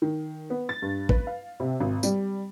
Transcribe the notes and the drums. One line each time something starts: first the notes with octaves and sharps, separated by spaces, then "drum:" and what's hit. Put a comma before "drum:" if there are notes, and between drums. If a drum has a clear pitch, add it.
D#3
B3
A6
G2
B4, drum: kick A1
F5
C3
G#1
G3, drum: tambourine